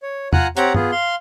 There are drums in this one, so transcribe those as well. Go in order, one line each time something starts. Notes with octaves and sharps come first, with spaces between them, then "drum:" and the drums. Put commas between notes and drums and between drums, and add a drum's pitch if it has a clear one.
C#5
F4 F#5 G#5 A#5 F#6, drum: tom E2
C4 G4 C#5 F#5 A#5, drum: hi-hat
B3 F4 G#4, drum: tom G2
F5 C6